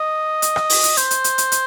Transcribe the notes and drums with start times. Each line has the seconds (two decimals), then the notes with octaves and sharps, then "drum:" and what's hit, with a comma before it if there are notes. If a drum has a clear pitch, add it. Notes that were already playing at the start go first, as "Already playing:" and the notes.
Already playing: D#5
0.42 drum: hi-hat
0.56 drum: rim click
0.70 drum: open hi-hat
0.83 drum: hi-hat
0.97 C5, drum: hi-hat
1.11 drum: hi-hat
1.24 drum: hi-hat
1.38 drum: hi-hat
1.52 drum: hi-hat